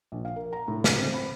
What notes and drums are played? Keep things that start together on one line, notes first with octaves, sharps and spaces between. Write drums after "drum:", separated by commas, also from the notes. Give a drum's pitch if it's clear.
A#1
F5
A#4
A#5
A2
D3, drum: snare
C4
B5